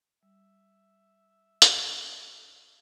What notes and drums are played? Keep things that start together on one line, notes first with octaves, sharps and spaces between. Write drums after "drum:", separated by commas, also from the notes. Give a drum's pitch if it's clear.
G3 E5
drum: hi-hat